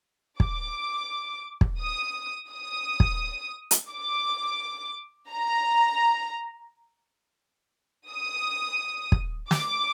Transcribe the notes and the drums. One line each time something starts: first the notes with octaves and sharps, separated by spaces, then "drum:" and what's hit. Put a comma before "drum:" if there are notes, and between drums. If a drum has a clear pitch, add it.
D6, drum: kick
drum: kick
D#6
D#6
drum: kick
drum: hi-hat
D6
A#5
D#6
drum: kick
D6, drum: snare